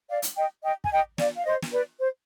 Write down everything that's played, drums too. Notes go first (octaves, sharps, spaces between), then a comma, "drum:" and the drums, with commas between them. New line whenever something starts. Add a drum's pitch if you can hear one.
D5 F5
drum: hi-hat
D#5 G5
D#5 G5
G#5, drum: kick
D#5 G5
D5 F5, drum: snare
F5
C5 D#5
drum: snare
B4 D5
C5